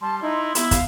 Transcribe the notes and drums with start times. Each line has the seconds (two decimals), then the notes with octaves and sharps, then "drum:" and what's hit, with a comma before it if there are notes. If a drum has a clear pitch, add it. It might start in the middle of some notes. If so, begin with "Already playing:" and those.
0.01 G3 A5 C6
0.22 D#4 E4
0.55 B3 E4, drum: hi-hat
0.71 F5, drum: kick, hi-hat